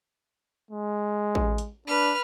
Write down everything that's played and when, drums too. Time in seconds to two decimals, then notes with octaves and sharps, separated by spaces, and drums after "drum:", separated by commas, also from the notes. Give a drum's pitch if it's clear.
0.71 G#3
1.35 drum: kick A1
1.58 drum: hi-hat
1.88 D4 B4 F6